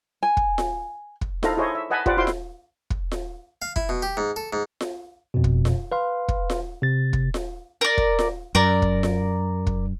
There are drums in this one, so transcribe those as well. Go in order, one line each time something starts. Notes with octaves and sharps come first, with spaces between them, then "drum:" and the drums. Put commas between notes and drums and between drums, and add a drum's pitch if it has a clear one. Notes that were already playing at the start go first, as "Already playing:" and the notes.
G#5
drum: kick
drum: snare F4
drum: kick
D#4 E4 A4 C5 F5 A#5, drum: snare F4
E4 G#4 C5 C#5 D#5
E5
B4 D#5 F#5 G#5 A5 B5
F4 G4 B4 C5 D5 F#5, drum: kick
E4 F#4 C5 F5 C6 D6
drum: snare F4
drum: kick
drum: snare F4
F5
E4, drum: kick
B2
G4
G#2
A4
G#2
drum: snare F4
F2 B2
drum: kick
drum: snare F4
B4 F5 C6
drum: kick
drum: snare F4
C3 A6
drum: kick
drum: snare F4
A#4 D5
drum: kick
drum: snare F4
F#2 A#4 D5
drum: kick
drum: snare F4
drum: kick